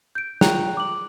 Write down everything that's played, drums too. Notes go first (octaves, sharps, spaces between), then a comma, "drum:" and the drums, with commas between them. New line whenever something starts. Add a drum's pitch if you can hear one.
G6 D7
F4 G#4 G5 A#5 F#6 F7, drum: snare
D6 F#7